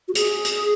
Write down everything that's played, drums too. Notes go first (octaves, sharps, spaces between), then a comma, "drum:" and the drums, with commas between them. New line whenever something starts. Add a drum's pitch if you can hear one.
F#4
G#4, drum: hi-hat
drum: hi-hat